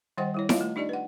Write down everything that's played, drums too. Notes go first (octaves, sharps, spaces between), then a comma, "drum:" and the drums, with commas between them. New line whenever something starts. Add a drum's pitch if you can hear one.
D#3 G3 C5 D#5 F#5 G5
G3 E4 C#5
F4 C#5 D#5 F5, drum: snare E4
A3
D4 D#4 G4 D5 D#5
B4 F#5